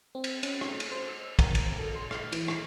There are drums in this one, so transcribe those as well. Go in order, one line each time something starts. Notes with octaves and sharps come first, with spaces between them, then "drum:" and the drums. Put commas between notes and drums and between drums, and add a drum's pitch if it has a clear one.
C4
drum: cymbal
C#4, drum: cymbal
drum: rim click
drum: cymbal
C5
E6
A#4, drum: kick, cymbal
drum: cymbal
A4
C6
F6, drum: rim click
E3, drum: cymbal
drum: rim click